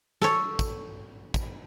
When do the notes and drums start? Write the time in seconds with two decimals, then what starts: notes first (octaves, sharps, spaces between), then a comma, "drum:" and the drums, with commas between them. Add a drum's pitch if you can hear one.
0.22 A4 C#5, drum: snare
0.59 drum: kick, tambourine
1.34 drum: kick, tambourine